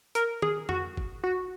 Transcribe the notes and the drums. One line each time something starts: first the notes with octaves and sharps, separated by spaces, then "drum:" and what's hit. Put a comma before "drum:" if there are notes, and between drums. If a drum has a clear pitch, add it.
A#4, drum: hi-hat
G#4, drum: tom
F#4, drum: tom F2
drum: kick F#1
F#4